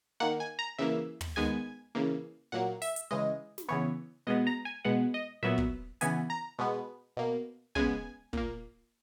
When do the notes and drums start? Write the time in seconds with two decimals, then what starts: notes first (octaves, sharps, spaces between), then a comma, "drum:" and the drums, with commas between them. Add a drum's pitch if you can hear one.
0.20 D#3 A#3 F#5
0.40 G#5
0.59 A#5
0.78 C#3 E3 A#3 E5
1.21 drum: tom
1.36 D#3 G#3 B3 G#5
1.95 C#3 E3 A#3
2.52 A#2 F#3 A#3 F#5
2.82 E5, drum: open hi-hat
2.96 drum: hi-hat
3.11 C#3 E3 G#3 D#5
3.58 drum: snare
3.69 C#3 E3 B3 C#5
4.27 B2 G#3 B3 D#5
4.47 A#5
4.65 G#5
4.85 B2 G#3 B3 F#5
5.14 D#5
5.43 A#2 F#3 B3 E5
5.58 drum: kick
6.01 C#3 E3 B3 G#5, drum: hi-hat
6.30 A#5
6.59 B2 G#3 B3
7.17 B2 A#3
7.75 C#3 G#3 B3 G#5, drum: kick
8.33 A#2 A#3, drum: kick